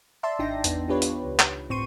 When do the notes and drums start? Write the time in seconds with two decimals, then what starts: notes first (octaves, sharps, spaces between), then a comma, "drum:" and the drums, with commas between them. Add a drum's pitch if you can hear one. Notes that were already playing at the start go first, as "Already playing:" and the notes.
0.23 D5 E5 A5 C6
0.39 G#1 D4 D#4 G5 A#6
0.64 E2 B3, drum: hi-hat
0.88 D4 F4 G4 B4 C#5
1.02 drum: hi-hat
1.24 C#2
1.40 drum: clap
1.69 G1 A2 C4 C6 C#6 D#7